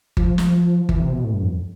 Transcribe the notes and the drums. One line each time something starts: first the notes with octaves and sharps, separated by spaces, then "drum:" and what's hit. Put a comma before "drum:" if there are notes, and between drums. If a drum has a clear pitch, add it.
F3, drum: kick G1
drum: snare
E3, drum: kick G1
C3
B2
A2
G2
F2